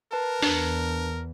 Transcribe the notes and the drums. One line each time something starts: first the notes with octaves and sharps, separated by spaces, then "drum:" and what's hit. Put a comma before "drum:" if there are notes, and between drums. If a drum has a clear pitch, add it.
A#4 B4 A5
E2 D4, drum: open hi-hat